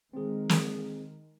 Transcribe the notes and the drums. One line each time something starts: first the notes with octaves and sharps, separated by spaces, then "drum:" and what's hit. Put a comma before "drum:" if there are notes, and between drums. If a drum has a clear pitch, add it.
D#3 G#3 C4 G#4
drum: snare